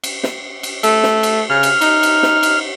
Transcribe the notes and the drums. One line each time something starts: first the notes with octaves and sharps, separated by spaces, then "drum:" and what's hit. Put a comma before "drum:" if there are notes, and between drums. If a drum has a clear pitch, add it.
drum: cymbal
drum: snare
drum: cymbal
A3, drum: cymbal
drum: snare
drum: cymbal
C#3 F6
drum: cymbal
D#4, drum: cymbal
drum: cymbal
drum: snare
drum: cymbal